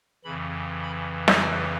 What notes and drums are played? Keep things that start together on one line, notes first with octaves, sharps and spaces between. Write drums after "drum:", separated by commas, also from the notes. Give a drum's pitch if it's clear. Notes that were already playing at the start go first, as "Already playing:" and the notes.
F2 C#3 E3 B5
B5
drum: snare
G#5